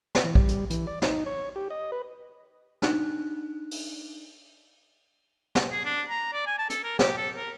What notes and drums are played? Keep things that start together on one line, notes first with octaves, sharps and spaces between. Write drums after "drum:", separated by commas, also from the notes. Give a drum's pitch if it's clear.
drum: snare
E3
G3, drum: kick
drum: hi-hat
E3, drum: hi-hat
D5
D#4, drum: snare
C#5
G4
D#5
B4
D4 D#4 F#6, drum: snare
drum: open hi-hat
drum: snare
G#4
D4
A#5
D5
G#5
A5
A4, drum: hi-hat
A#4
G4, drum: snare
A4
A#4